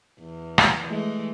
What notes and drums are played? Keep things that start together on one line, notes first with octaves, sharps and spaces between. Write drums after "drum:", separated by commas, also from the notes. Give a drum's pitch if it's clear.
E2
drum: rim click
E3 G#3 A3